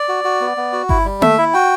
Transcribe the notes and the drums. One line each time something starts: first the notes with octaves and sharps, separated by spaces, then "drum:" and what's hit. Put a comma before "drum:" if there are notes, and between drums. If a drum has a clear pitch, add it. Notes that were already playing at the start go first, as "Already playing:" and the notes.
Already playing: D5
F#4
F#4
B3
B3
F#4
E4, drum: kick G1
G3
A3 E5, drum: tom A#3
E4
F#4 G5